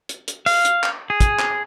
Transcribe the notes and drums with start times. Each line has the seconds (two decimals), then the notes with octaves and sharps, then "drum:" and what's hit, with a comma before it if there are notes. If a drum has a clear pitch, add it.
0.09 drum: hi-hat
0.28 drum: hi-hat
0.46 F5, drum: open hi-hat
0.65 drum: hi-hat
0.83 drum: clap
1.10 G#4
1.21 drum: kick, hi-hat
1.39 drum: clap